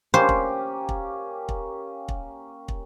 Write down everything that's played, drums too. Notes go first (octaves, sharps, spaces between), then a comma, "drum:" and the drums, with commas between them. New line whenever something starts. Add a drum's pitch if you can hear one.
A#3 C#4 G4 C5
drum: kick
drum: kick
drum: kick
drum: kick
drum: kick